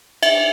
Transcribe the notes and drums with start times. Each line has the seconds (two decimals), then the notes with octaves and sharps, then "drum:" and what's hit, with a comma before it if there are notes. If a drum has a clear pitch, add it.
0.23 E5, drum: cymbal